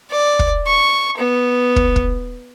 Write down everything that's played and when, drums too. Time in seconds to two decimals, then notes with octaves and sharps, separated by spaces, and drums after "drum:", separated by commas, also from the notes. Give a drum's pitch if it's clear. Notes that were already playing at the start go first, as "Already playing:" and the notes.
0.11 D5
0.39 drum: kick
0.67 C#6
1.18 B3
1.76 drum: kick
1.96 drum: kick